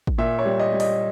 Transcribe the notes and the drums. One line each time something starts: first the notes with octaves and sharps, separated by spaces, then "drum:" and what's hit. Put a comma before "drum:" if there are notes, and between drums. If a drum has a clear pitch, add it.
drum: kick
A#2 E5
C#5
G3
D#5
G3
D#5, drum: open hi-hat